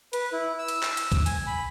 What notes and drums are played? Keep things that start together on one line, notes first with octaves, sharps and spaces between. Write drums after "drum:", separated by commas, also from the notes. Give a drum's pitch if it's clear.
B4, drum: hi-hat
E4
E6
drum: hi-hat
drum: clap
drum: hi-hat
drum: kick, hi-hat
G#5, drum: hi-hat
B5